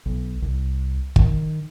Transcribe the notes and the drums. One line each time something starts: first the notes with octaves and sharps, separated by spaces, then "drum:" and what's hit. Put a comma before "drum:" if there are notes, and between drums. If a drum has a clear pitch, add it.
B1
C2
D#3, drum: kick